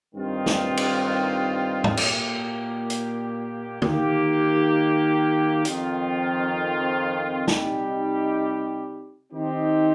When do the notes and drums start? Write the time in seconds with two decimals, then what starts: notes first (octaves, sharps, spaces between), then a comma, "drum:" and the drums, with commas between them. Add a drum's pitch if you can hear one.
0.14 G2 D#3 C4 F4
0.46 drum: snare
0.77 drum: cymbal
1.84 drum: tom G#2
1.97 A#2 A#3 G4, drum: cymbal
2.90 drum: hi-hat
3.82 D#3 A#3 G4, drum: tom
5.65 F2 D#3 C4 F4, drum: hi-hat
7.48 C3 G3 D#4 G4, drum: snare
9.31 D#3 C4 D#4 G4